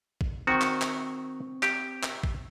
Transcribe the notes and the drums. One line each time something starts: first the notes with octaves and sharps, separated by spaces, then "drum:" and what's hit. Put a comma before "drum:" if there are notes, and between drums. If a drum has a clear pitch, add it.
drum: kick
D#3 C4 F#4 C#6
drum: clap
drum: clap
G4, drum: clap
drum: clap
drum: kick